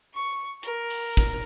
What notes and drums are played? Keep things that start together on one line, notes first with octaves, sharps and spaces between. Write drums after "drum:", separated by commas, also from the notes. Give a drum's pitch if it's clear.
C#6
A#4, drum: hi-hat
drum: open hi-hat
drum: kick, hi-hat